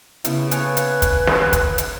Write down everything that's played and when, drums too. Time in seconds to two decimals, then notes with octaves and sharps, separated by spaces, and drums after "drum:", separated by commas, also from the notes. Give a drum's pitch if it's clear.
0.24 C#3 B3 E4, drum: hi-hat
0.51 A4 B4 C#5 F5 G#5 F#6, drum: hi-hat
0.77 drum: hi-hat
1.02 drum: kick, hi-hat
1.27 drum: snare
1.53 drum: kick, hi-hat
1.78 drum: hi-hat